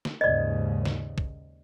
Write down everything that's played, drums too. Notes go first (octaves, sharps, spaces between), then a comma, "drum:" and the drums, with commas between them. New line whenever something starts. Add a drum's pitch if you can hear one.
drum: snare
D#2 G#2 C#3 D5 D#5
drum: snare
drum: kick B1